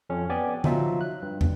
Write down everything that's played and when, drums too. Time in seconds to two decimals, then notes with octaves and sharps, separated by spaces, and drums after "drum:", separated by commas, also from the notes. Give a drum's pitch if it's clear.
0.10 F2 C#4
0.29 B3 C#4 G4 D5 G#5
0.64 F3 F#3 D#4 F4 E5, drum: tom D3
1.01 F#6
1.22 G2
1.41 drum: tom